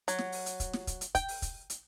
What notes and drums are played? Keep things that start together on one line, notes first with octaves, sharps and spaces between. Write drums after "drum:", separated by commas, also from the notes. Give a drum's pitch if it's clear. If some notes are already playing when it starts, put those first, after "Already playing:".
F#3, drum: hi-hat
drum: snare
drum: open hi-hat
drum: hi-hat
drum: kick, hi-hat
drum: snare
drum: kick, hi-hat
drum: hi-hat
G5, drum: kick, hi-hat
drum: open hi-hat
drum: kick, hi-hat
drum: hi-hat